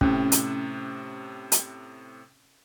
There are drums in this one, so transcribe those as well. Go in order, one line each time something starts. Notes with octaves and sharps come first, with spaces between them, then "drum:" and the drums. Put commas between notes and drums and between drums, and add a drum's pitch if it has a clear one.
A2 C3 C#4, drum: kick
drum: hi-hat
drum: hi-hat